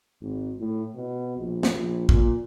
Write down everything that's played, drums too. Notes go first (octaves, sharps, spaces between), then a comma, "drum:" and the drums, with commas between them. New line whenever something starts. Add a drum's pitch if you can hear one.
G#1
A2
B2
A#1
drum: snare
A#1
A#2, drum: kick